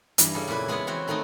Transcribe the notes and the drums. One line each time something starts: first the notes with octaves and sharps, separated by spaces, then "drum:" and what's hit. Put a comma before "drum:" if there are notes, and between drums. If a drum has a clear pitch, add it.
G2 E3, drum: hi-hat
C#3 G3 A4
F2 A#2 E4 B4
G#3 B3 E4 G#4 B4 F#5
E3 C4 F#4 C#5
D#3 A3 B3 C4 D#4